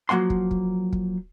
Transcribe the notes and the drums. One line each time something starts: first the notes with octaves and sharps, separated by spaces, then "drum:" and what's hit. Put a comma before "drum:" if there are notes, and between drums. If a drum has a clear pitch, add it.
F3 F#3 A#3 F#5 C6
drum: kick
drum: kick
drum: kick